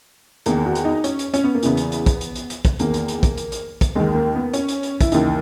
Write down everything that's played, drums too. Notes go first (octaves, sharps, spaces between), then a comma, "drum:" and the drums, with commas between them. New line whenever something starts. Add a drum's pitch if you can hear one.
E2 D#3 A#3, drum: hi-hat
F#4
drum: hi-hat
D#4
C#4, drum: hi-hat
drum: hi-hat
C#4, drum: hi-hat
B3
A#3
E2 C#3 E3 B3, drum: hi-hat
drum: hi-hat
drum: hi-hat
drum: kick, hi-hat
drum: hi-hat
drum: hi-hat
drum: hi-hat
drum: kick, hi-hat
E2 D#3 A#3, drum: hi-hat
drum: hi-hat
drum: hi-hat
drum: kick, hi-hat
drum: hi-hat
drum: hi-hat
drum: kick, hi-hat
D#2 D#3 G#3
A#3
B3
C#4, drum: hi-hat
drum: hi-hat
drum: hi-hat
E4, drum: kick, hi-hat
D#2 C#3 E3 D#4, drum: hi-hat